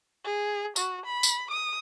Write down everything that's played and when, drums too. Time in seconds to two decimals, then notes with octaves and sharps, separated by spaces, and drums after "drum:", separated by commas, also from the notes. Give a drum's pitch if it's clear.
0.24 G#4
0.76 F#4, drum: tambourine
1.05 B5
1.23 drum: tambourine
1.50 D#6